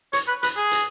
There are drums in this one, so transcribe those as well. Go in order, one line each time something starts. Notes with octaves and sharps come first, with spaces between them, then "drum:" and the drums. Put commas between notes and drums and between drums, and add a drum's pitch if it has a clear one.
C#5, drum: hi-hat
B4
B4, drum: hi-hat
G#4
drum: hi-hat